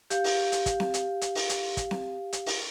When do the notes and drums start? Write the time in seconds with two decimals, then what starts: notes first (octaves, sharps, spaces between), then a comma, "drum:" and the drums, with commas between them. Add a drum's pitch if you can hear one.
0.10 G4 F5, drum: hi-hat
0.24 drum: open hi-hat
0.52 drum: hi-hat
0.66 drum: kick, hi-hat
0.80 drum: snare C4
0.94 drum: hi-hat
1.21 drum: hi-hat
1.35 drum: open hi-hat
1.49 drum: hi-hat
1.77 drum: kick, hi-hat
1.91 drum: snare C4
2.33 drum: hi-hat
2.46 drum: open hi-hat